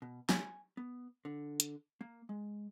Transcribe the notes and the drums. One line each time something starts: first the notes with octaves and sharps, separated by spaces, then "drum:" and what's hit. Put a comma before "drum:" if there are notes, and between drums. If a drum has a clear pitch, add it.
B2
G#5, drum: snare
B3
D3
drum: hi-hat
A#3
G#3